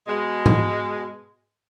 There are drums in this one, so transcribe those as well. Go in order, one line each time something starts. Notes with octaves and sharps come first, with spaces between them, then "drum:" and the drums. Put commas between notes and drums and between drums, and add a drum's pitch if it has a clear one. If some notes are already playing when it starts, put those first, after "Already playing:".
B2 G#3
drum: tom G#2